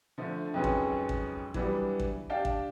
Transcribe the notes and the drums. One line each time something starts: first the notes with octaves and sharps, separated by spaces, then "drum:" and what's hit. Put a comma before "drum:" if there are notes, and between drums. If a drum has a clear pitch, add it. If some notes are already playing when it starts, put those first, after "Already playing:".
D3 F3 A3
F2 G#2 F#3 G#3 B3 C#4
drum: kick A1
drum: kick A1
E3 F#3 G3 B3 D4, drum: kick A1
drum: kick A1
D4 G4 D5 F5 G5 A5
drum: kick A1